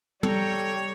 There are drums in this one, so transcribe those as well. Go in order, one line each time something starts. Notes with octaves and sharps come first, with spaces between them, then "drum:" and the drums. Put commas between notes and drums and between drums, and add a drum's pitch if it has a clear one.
G3 A4 C#5 G5 A#5, drum: tom